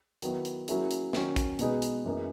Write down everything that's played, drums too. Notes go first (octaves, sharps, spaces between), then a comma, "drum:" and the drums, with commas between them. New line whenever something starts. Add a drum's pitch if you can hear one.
D#3 F#3 B3 E4, drum: hi-hat
drum: hi-hat
F#3 A#3 C#4 E4 G#4, drum: hi-hat
drum: hi-hat
D#3 F#3 C#4, drum: snare
drum: kick, hi-hat
B2 G#3 D#4 G#4 B4, drum: hi-hat
drum: hi-hat
F#2 E3 A#3 D#4 G#4